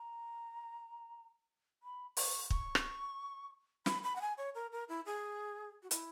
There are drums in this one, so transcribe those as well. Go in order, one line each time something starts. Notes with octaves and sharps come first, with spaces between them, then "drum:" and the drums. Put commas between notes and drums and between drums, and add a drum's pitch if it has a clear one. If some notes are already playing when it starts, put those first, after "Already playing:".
Already playing: A#5
B5
C#6, drum: open hi-hat
C#6, drum: kick
drum: rim click
B5, drum: snare
B5
F#5
G#5
C#5
A#4
A#4
E4
G#4
F#4
E4, drum: hi-hat